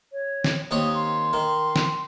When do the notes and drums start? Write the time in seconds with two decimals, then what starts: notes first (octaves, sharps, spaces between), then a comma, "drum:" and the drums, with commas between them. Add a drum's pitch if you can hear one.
0.13 C#5
0.44 drum: snare
0.71 D#2 C4 C#5 D#6
0.94 C6
1.33 D#3
1.76 drum: snare